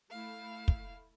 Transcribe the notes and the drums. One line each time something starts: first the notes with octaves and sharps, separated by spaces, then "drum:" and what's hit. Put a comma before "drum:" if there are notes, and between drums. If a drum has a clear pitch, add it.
A3 E4 F5
drum: kick